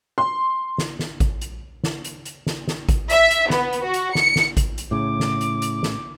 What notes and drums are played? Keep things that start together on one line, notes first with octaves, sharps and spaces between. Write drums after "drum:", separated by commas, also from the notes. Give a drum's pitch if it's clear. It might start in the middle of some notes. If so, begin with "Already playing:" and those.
C6
drum: snare
drum: snare
drum: kick G#1, hi-hat
drum: hi-hat
drum: snare
drum: hi-hat
drum: hi-hat
drum: snare
drum: snare
drum: kick G#1, hi-hat
E5, drum: hi-hat
drum: hi-hat
B3, drum: snare
drum: hi-hat
F#4
drum: hi-hat
C#7, drum: snare
drum: snare
drum: kick G#1, hi-hat
drum: hi-hat
A2 C#3 D6
drum: snare
drum: hi-hat
drum: hi-hat
drum: snare